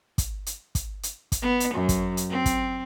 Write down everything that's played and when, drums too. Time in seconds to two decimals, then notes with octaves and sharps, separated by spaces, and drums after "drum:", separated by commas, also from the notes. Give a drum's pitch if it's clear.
0.18 drum: kick, hi-hat
0.46 drum: hi-hat
0.75 drum: kick, hi-hat
1.03 drum: hi-hat
1.32 drum: kick, hi-hat
1.42 B3
1.60 drum: hi-hat
1.74 F#2
1.89 drum: kick, hi-hat
2.17 drum: hi-hat
2.30 C4
2.46 drum: kick, hi-hat